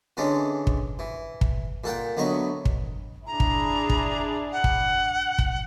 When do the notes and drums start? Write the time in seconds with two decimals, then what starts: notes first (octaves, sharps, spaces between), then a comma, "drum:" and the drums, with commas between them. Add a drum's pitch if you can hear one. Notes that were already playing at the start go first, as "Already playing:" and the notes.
0.17 D3 E3 G#3 C#4 D4
0.67 drum: kick
0.99 E3
1.41 drum: kick
1.84 A#2 A4 F#5 G5
2.17 D2 F#3 B3 D#5 C#6
2.65 drum: kick
3.27 D4 E4 G#4 A#5
3.40 drum: kick
3.90 drum: kick
4.52 F#5
4.64 drum: kick
5.39 drum: kick